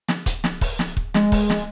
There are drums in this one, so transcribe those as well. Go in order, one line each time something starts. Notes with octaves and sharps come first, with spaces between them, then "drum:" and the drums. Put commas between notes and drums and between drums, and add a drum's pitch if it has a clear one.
drum: snare
drum: kick, hi-hat
drum: snare
drum: kick, open hi-hat
drum: snare
drum: kick
G#3, drum: snare
drum: kick, open hi-hat
drum: snare